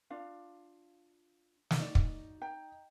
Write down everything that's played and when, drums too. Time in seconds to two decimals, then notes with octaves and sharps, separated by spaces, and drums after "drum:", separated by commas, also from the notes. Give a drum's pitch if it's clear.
0.10 D4 F4 F5
1.71 drum: snare
1.80 D#4 F#4 D5
1.95 drum: kick
2.42 G5 A#5